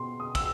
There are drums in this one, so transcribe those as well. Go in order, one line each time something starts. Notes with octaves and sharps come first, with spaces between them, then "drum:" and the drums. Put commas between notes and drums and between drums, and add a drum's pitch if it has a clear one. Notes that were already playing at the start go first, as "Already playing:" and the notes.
Already playing: B2 C6
D#6
E6, drum: kick, cymbal